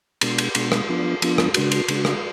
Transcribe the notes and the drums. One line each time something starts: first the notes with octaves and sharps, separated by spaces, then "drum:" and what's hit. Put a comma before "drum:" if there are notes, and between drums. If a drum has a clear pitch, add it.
B2 G#3 B3 D4, drum: cymbal
drum: cymbal
B2 G#3 B3 D4, drum: cymbal
drum: rim click
F3 B3 D4 F4
F3 B3 D4 F4, drum: cymbal
drum: rim click
C#3 G#3 D4 F#4, drum: cymbal
drum: cymbal
C#3 G#3 D4 F#4, drum: cymbal
drum: rim click